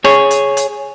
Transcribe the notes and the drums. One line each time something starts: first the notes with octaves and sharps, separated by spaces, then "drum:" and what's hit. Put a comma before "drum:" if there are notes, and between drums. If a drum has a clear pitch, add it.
G#4 C#5, drum: rim click
drum: hi-hat
drum: hi-hat